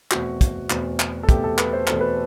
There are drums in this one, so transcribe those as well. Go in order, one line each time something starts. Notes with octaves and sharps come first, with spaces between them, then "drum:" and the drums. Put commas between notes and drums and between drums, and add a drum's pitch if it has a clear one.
E2 B2 A3 C4 F#4, drum: clap
drum: kick, hi-hat
E2 B2 A3 C4, drum: clap
drum: clap
A4
E2 B2 A3 C4 G4, drum: kick, hi-hat
A4
B4, drum: clap
C5
E2 B2 A3 C4 A4, drum: clap
B4